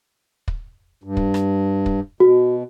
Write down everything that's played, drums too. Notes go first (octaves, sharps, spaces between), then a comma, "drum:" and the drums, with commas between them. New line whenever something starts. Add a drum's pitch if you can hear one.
drum: kick
G2
drum: kick
drum: rim click
drum: kick
B2 F#4